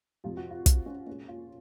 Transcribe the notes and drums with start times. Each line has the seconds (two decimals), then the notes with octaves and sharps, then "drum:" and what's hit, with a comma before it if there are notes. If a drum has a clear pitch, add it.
0.24 F2 C3 F3 F4
0.37 F#4
0.51 F4
0.66 F4, drum: kick, hi-hat
0.86 C#4
1.07 A#2 G#3 C#4
1.28 F4